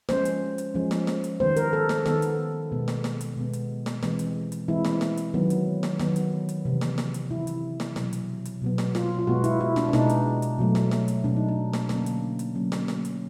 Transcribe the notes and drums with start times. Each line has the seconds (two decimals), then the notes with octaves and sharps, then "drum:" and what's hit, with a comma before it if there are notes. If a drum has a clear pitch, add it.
0.09 F3 G#3 C#4 C5, drum: snare
0.25 drum: hi-hat
0.58 drum: hi-hat
0.74 F3 G#3 C#4
0.91 drum: snare
1.07 drum: snare
1.24 drum: hi-hat
1.40 D#3 G3 B3 C5
1.56 A#4, drum: hi-hat
1.73 A4
1.89 A4, drum: snare
2.06 D#3 G3 B3 A4, drum: snare
2.22 drum: hi-hat
2.72 B2 G#3 B3
2.88 drum: snare
3.04 drum: snare
3.21 drum: hi-hat
3.37 B2 G#3 B3
3.53 drum: hi-hat
3.86 drum: snare
4.03 E3 G#3 C4, drum: snare
4.19 drum: hi-hat
4.52 drum: hi-hat
4.68 E3 G#3 C4 E4
4.85 drum: snare
5.01 drum: snare
5.17 drum: hi-hat
5.34 D#3 F#3 B3
5.50 drum: hi-hat
5.83 drum: snare
6.00 D#3 F#3 B3, drum: snare
6.16 drum: hi-hat
6.49 drum: hi-hat
6.65 C3 E3 G3
6.81 drum: snare
6.98 drum: snare
7.14 drum: hi-hat
7.31 C3 E3 G3 E4
7.47 drum: hi-hat
7.80 drum: snare
7.96 B2 F#3 B3, drum: snare
8.13 drum: hi-hat
8.45 drum: hi-hat
8.62 B2 F#3 B3
8.78 drum: snare
8.95 F4, drum: snare
9.19 F4
9.27 B2 G#3 B3 F#4
9.44 E4, drum: hi-hat
9.60 E4
9.76 D4, drum: snare
9.88 D4
9.93 B2 G#3 B3 D#4, drum: snare
10.09 drum: hi-hat
10.42 drum: hi-hat
10.59 B2 F#3 A3
10.75 drum: snare
10.91 drum: snare
11.08 drum: hi-hat
11.24 B2 F#3 A3 D4
11.36 D#4
11.48 D4
11.73 drum: snare
11.89 D3 F#3 A#3 C#4 D4, drum: snare
12.06 drum: hi-hat
12.39 drum: hi-hat
12.55 D3 F#3 A#3 C#4
12.72 drum: snare
12.88 drum: snare
13.05 drum: hi-hat